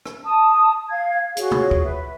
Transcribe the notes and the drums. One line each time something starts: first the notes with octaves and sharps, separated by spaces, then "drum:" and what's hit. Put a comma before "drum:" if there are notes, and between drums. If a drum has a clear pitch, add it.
drum: rim click
A5 D#6
F5 G#6
F4 F#4 G#4 C#5, drum: hi-hat
drum: tom
drum: kick
B4 E5